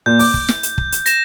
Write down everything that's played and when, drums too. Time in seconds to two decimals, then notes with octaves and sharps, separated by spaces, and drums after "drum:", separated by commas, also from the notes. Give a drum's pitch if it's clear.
0.06 A#2 G6
0.19 D6, drum: open hi-hat
0.34 drum: kick
0.48 drum: snare
0.63 drum: hi-hat
0.78 drum: kick
0.92 drum: hi-hat
1.06 A#6 E7, drum: hi-hat